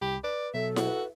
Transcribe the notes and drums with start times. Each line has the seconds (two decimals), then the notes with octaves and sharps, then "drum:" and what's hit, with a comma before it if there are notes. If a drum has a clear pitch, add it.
0.02 C2 G4 B5
0.24 B4 D5
0.54 B2 F#3 A4 E5
0.76 F#4, drum: snare E4
0.88 B4